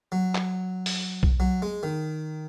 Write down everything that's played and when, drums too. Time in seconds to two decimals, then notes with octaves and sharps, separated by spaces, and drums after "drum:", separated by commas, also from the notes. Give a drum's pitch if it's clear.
0.12 F#3
0.35 drum: clap
0.86 drum: open hi-hat
1.23 drum: kick B1
1.40 F#3
1.62 G#3
1.83 D#3